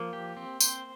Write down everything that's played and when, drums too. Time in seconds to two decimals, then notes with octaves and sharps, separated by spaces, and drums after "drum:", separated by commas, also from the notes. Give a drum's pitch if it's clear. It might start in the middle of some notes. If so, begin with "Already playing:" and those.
Already playing: F3 A#3
0.13 G4
0.37 C4
0.61 C5, drum: tambourine